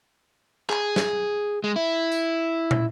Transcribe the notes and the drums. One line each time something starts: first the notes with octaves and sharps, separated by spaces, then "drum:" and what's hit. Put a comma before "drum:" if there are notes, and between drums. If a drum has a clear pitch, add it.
G#4, drum: clap
drum: snare
G#3
E4
drum: tambourine
drum: tom